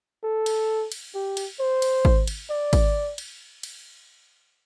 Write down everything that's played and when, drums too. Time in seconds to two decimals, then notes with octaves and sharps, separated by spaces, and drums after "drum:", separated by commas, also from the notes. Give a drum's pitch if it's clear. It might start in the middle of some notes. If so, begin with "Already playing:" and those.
0.24 A4
0.46 drum: cymbal
0.92 drum: cymbal
1.14 G4
1.37 drum: cymbal
1.60 C5
1.82 drum: cymbal
2.05 drum: kick G#1
2.27 drum: cymbal
2.50 D5
2.73 drum: kick G#1, cymbal
3.18 drum: cymbal
3.63 drum: cymbal